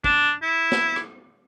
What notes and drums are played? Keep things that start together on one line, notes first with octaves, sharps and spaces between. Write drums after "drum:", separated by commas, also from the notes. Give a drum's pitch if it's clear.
D4, drum: kick
E4
drum: snare
drum: rim click